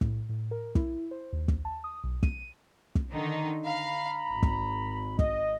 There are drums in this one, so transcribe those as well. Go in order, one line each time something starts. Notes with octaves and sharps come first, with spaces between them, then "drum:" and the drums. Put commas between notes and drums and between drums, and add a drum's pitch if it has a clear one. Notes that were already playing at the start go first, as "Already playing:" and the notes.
A2, drum: kick
A2
A#4
E4, drum: kick
C5
D#2
drum: kick
A5
D#6
B1
D#7, drum: kick
drum: kick
D3 D#3 D#4
F5 A#5 B5
G#1
drum: kick
D#5, drum: kick